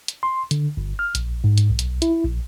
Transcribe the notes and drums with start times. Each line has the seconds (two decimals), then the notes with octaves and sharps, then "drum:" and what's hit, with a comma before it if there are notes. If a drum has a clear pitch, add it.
0.08 drum: hi-hat
0.23 C6
0.51 D3, drum: hi-hat
0.77 G1
0.99 F6
1.15 A#1, drum: hi-hat
1.44 G#2
1.58 drum: hi-hat
1.70 B1
1.79 drum: hi-hat
2.02 E4, drum: hi-hat
2.25 A#1